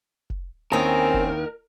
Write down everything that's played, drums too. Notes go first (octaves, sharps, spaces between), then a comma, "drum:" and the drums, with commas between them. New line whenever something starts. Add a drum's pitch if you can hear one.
drum: kick F1
D#2 D#3 C4 C#4 E4 G#4 A#4
drum: kick F1